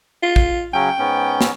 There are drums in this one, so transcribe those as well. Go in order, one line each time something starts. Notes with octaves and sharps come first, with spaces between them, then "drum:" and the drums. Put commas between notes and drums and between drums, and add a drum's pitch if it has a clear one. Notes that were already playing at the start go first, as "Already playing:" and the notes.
F4
drum: kick
C#3 F#3 C#4 G5
G#2 B3 C#4
drum: snare